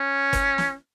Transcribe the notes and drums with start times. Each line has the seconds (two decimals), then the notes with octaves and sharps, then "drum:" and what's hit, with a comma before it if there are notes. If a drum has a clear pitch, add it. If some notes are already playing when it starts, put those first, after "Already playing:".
Already playing: C#4
0.33 drum: kick, hi-hat
0.58 drum: snare